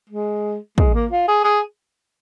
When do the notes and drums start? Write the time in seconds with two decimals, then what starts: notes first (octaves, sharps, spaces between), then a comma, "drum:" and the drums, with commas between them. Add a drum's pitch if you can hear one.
0.09 G#3
0.78 G#3, drum: kick
0.94 A#3
1.11 F4
1.28 G#4
1.44 G#4